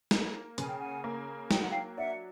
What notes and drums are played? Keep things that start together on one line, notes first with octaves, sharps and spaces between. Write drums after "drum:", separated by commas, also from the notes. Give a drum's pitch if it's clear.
A#3, drum: snare
C#3 G#5, drum: hi-hat
G5
F#5 G#5
A#3
F#3 G5, drum: snare
F#5
F5 G5
D4 E5 F#5